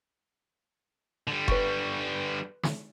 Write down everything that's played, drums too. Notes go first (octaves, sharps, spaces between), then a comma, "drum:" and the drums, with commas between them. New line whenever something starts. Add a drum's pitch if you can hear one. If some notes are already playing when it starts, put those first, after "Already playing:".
D3 G3
B4 C#6, drum: kick F1
drum: snare